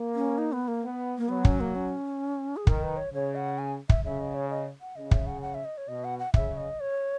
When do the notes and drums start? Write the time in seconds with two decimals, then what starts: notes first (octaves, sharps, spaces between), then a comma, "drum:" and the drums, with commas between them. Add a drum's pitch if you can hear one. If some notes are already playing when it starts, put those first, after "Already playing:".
Already playing: A#3
0.15 C#4
0.38 D#4
0.52 B3
0.68 A#3
0.84 B3
1.18 A#3
1.29 F#3 B3
1.45 C#4, drum: kick
1.60 A#3
1.75 C#4
2.57 G#4
2.67 D#3 A#4, drum: kick
2.83 B4
2.97 C#5
3.13 C#3 C#5
3.35 F#5
3.58 G#5
3.89 E5, drum: kick
4.05 C#3 E5
4.20 D#5
4.35 C#5
4.50 D#5
4.81 F#5
4.96 C#3 D#5
5.11 E5, drum: kick
5.27 F#5
5.42 F#5
5.54 E5
5.65 D#5
5.78 C#5
5.88 B2 D#5
6.04 F#5
6.19 F#5
6.34 C#3 E5, drum: kick
6.57 D#5
6.80 C#5